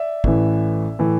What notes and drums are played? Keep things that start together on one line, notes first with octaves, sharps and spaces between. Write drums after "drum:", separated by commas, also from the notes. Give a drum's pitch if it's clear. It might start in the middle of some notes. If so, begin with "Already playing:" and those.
Already playing: D5 E5
A1 A2 E3, drum: kick
A2 E3